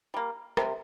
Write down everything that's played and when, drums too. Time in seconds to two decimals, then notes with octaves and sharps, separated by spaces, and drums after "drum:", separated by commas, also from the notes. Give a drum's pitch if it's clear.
0.14 G3 A#3
0.57 C3, drum: rim click